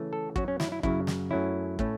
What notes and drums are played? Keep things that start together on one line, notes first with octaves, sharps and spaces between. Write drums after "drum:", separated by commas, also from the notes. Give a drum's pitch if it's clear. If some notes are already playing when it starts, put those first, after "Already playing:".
Already playing: C#3 E3 A3 C#4
A4
F#2 F#3 C#4 F#4, drum: kick
C#4
E4, drum: snare
E4
F#2 C#3 F#3 E4, drum: kick
drum: snare
F#2 F#3 A3 C#4 E4
A2 A3 C#4, drum: kick